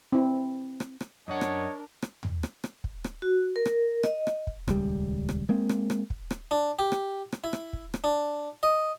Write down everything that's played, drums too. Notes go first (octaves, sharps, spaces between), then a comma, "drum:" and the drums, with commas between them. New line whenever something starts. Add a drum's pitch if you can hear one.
C4 E4
drum: rim click
drum: rim click
F#2 D4 A#4 C#5 D#5 F#5
drum: rim click
drum: rim click
drum: tom
drum: rim click
drum: rim click
drum: kick
drum: rim click
F#4
A#4
drum: rim click
D#5, drum: rim click
drum: rim click
drum: kick
D#1 C#2 G3, drum: rim click
drum: rim click
G#3 A#3 C4
drum: rim click
drum: rim click
drum: kick
drum: rim click
D4
G4
drum: rim click
drum: rim click
E4
drum: rim click
drum: kick
drum: rim click
D4
D#5